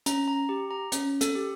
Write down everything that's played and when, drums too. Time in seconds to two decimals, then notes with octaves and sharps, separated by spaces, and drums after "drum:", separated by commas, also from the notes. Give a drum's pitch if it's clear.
0.06 C#4 A#5, drum: hi-hat
0.28 A#5
0.49 G4
0.71 A#5
0.92 C#4, drum: hi-hat
1.21 A4, drum: hi-hat
1.35 G4